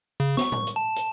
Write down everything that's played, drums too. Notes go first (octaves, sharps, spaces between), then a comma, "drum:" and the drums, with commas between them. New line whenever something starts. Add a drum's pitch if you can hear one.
C#3
C#6, drum: snare
drum: tom A2
drum: hi-hat
A5
drum: hi-hat